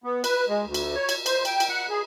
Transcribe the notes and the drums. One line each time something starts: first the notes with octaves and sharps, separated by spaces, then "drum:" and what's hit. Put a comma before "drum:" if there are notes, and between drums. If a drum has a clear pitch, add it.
B3
B4, drum: cymbal
G#3
D2
drum: cymbal
C#5
drum: cymbal
C5, drum: cymbal
G5, drum: cymbal
drum: cymbal
F#5
G#4